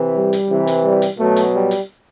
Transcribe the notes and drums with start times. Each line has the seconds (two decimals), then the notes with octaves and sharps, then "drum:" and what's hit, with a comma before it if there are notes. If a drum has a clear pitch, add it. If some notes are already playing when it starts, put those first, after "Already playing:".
Already playing: C3 E3
0.16 G3
0.33 drum: hi-hat
0.50 C3 E3
0.67 drum: hi-hat
0.84 G3
1.02 drum: hi-hat
1.19 B2 F#3 A3
1.36 drum: hi-hat
1.54 G3
1.71 drum: hi-hat